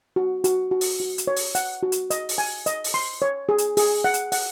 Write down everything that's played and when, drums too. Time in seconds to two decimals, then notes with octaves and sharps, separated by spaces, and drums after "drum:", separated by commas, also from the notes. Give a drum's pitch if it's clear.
0.16 F#4
0.44 F#4, drum: hi-hat
0.71 F#4
0.81 drum: open hi-hat
1.00 F#4
1.18 drum: hi-hat
1.27 C#5
1.37 drum: open hi-hat
1.55 F#5, drum: hi-hat
1.83 F#4
1.92 drum: hi-hat
2.10 D#5, drum: hi-hat
2.29 drum: open hi-hat
2.38 G#5
2.66 D#5, drum: hi-hat
2.84 drum: open hi-hat
2.94 C6
3.22 C#5
3.49 G#4
3.58 drum: hi-hat
3.77 G#4, drum: open hi-hat
4.04 F#5
4.14 drum: hi-hat
4.32 F#5, drum: open hi-hat